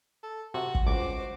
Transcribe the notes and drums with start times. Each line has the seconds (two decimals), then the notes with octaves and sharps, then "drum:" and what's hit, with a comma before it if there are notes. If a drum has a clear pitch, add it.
0.23 A4
0.54 C3 F#4
0.75 drum: kick
0.87 C#2 F#4 C5 D6